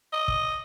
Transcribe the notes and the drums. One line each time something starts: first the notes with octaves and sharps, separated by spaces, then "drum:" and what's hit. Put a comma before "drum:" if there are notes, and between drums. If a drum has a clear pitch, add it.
D#5
drum: kick